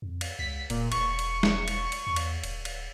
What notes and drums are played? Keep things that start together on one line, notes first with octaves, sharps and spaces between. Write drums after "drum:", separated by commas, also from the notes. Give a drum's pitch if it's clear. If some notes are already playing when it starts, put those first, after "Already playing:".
F2
drum: cymbal
C#2 B6
D#1 A#2, drum: cymbal
E1 C#6, drum: cymbal
drum: cymbal
drum: snare
drum: cymbal
drum: cymbal
E2
drum: cymbal
D1, drum: cymbal
drum: cymbal